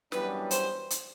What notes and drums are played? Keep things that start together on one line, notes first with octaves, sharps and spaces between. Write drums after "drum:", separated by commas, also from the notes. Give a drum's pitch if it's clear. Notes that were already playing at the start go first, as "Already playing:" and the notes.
F#2 E3 G3 B3 D4 B4, drum: snare
C5, drum: hi-hat
drum: hi-hat